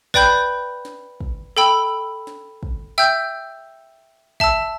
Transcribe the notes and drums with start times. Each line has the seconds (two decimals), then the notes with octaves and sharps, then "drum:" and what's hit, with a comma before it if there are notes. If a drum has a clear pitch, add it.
0.14 B4 D5 G5 B5 G6, drum: kick
0.85 drum: snare
1.21 drum: kick
1.57 A4 G5 B5 E6
2.27 drum: snare
2.63 drum: kick
2.98 E5 G5 E6 G6
4.40 E5 A5 E6, drum: kick